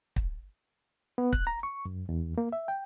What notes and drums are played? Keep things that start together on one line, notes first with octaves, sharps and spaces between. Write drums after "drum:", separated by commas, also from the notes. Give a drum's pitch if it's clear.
drum: kick
B3
F#6, drum: kick
A#5
C#6
F#2
E2
A#3
E5
G5